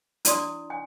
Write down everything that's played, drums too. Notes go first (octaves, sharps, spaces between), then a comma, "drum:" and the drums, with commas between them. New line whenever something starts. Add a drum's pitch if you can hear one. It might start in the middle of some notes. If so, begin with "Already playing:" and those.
D4 E4 D5 C6 D#6, drum: hi-hat
G#5